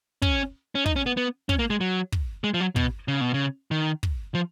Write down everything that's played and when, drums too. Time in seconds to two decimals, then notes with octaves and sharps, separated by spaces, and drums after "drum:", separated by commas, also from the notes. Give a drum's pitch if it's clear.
0.22 C#4, drum: kick
0.75 C#4
0.86 D#4, drum: kick
0.96 C#4
1.06 B3
1.17 B3
1.49 C#4, drum: kick
1.59 A#3
1.70 G#3
1.81 F#3
2.12 drum: kick
2.44 G#3
2.54 F3
2.60 F#3
2.76 B2, drum: kick
3.08 C#3
3.21 B2
3.34 C#3
3.71 D#3
4.03 drum: kick
4.35 F3